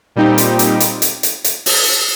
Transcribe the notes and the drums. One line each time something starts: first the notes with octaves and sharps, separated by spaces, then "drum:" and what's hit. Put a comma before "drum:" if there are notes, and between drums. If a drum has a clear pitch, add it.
A#2 G3 C4 D#4 G4
drum: hi-hat
drum: hi-hat
drum: hi-hat
drum: hi-hat
drum: hi-hat
drum: hi-hat
drum: open hi-hat